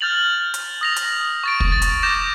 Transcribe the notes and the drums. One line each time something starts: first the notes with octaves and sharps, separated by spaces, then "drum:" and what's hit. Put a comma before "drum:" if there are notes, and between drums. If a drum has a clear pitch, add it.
F6 G6 A6 F7 F#7
drum: hi-hat
D#6 A#6 F7
drum: hi-hat
C#6 A6 D7
drum: kick
A6
drum: hi-hat
D6 G6 A#6 E7